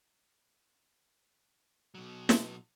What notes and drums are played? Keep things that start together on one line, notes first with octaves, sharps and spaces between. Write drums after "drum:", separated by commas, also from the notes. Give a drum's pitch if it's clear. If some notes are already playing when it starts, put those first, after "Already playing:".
B2 F#3
drum: snare